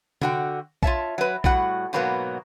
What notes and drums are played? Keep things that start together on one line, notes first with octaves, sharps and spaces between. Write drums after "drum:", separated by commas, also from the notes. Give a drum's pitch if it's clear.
D3 F#4 G5, drum: tom
F4 C#5 E5 A5, drum: kick A#1
F#3 B4
A2 G3 F#4 F#5, drum: kick A#1
G#2 B2 F#3 A#3 B3